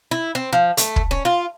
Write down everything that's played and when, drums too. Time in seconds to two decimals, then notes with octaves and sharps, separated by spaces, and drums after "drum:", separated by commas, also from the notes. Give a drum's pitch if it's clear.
0.11 E4
0.35 C4
0.53 F3
0.77 A3, drum: hi-hat
0.96 drum: kick
1.11 C#4
1.25 F4